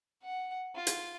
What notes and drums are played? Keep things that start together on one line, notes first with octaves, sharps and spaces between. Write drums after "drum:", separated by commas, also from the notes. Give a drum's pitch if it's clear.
F#5
F4
drum: hi-hat